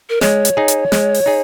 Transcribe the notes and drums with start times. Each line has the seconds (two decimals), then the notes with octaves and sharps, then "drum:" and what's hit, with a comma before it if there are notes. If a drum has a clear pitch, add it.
0.10 A#4
0.21 G#3 C#5, drum: snare
0.45 drum: hi-hat
0.57 D#4 G#4
0.68 drum: hi-hat
0.92 G#3, drum: snare
1.14 drum: open hi-hat
1.26 D#4 G#4